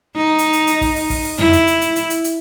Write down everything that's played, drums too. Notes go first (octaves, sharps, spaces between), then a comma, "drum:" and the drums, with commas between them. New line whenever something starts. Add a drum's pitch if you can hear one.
D#4
drum: hi-hat
drum: hi-hat
drum: hi-hat
drum: kick, open hi-hat
drum: open hi-hat
drum: kick, open hi-hat
drum: open hi-hat
E4, drum: tom F2
drum: hi-hat
drum: hi-hat
drum: hi-hat
drum: hi-hat
drum: hi-hat
drum: hi-hat